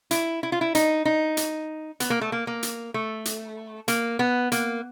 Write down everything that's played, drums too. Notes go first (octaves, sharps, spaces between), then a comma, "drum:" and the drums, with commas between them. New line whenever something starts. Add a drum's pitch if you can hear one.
E4, drum: hi-hat
E4
F4
E4
D#4, drum: hi-hat
D#4
drum: hi-hat
B3, drum: hi-hat
A#3
A3
A#3
A#3
drum: hi-hat
A3
drum: hi-hat
A#3, drum: hi-hat
B3
A#3, drum: hi-hat